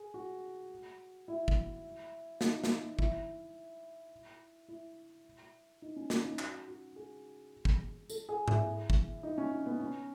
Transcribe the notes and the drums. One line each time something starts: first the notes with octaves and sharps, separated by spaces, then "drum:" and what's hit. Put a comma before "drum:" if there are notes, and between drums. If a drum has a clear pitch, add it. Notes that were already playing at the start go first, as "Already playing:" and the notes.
Already playing: G#4
F#4
E4
drum: kick
D#4, drum: snare
drum: snare
E4, drum: kick
E4
D#4
C#4
C#4, drum: snare
D#4
F#4, drum: clap
F#4
G#4
drum: kick
A4, drum: tambourine
G#4
E4, drum: tom G#2
drum: kick
D#4
C#4
C#4
B3
C#4